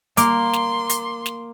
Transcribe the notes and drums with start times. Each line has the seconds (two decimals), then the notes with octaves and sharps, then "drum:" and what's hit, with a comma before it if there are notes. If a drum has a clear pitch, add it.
0.17 A#3 C6 D6, drum: hi-hat
0.53 drum: snare
0.90 drum: hi-hat
1.26 drum: snare